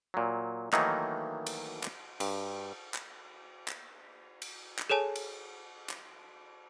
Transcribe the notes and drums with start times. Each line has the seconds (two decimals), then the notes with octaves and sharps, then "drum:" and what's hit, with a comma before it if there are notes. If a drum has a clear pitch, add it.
0.14 A#2 F#3
0.73 D#3 E3 F#3 A3 A#3 D#4, drum: clap
1.46 drum: cymbal
1.83 drum: clap
2.20 G2, drum: cymbal
2.94 drum: clap
3.68 drum: clap
4.42 drum: cymbal
4.79 drum: clap
4.90 G#4 A4 C#5 G#5 A5
5.16 drum: cymbal
5.89 drum: clap